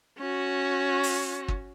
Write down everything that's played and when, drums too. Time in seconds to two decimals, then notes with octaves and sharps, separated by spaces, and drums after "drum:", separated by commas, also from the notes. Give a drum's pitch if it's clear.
0.18 C#4 F#4
1.03 drum: open hi-hat
1.48 drum: kick